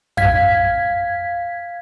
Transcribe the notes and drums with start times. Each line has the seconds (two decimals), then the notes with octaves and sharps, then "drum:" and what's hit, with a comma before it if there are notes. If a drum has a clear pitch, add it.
0.17 F5 G#6 B6, drum: tom F2